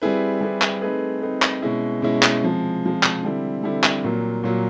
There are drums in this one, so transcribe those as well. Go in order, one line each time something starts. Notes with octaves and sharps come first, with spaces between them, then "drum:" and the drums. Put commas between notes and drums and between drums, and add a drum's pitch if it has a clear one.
G3 C4 E4 G#4 B4
G3 C4 E4 G#4 B4
drum: clap
A3 C4 D#4 G#4 B4
A3 C4 D#4 G#4 B4
drum: clap
B2 G#3 C#4 E4
B2 G#3 C#4 E4
drum: clap
C3 F3 G#3
C3 F3 G#3
drum: clap
D3 G3 C4 E4
D3 G3 C4 E4
drum: clap
A#2 F#3 A#3
A#2 F#3 A#3